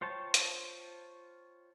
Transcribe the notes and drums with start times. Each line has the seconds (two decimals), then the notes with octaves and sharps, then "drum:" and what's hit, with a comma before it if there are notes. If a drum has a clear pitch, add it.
0.01 F4 C5 C#5 G5 A5
0.34 drum: hi-hat